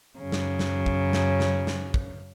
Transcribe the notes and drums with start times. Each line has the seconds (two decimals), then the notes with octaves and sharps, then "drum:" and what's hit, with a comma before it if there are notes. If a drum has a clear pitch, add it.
0.19 F#2 C#3
0.32 drum: snare
0.59 drum: snare
0.86 drum: kick
1.13 drum: snare
1.40 drum: snare
1.67 drum: snare
1.94 drum: kick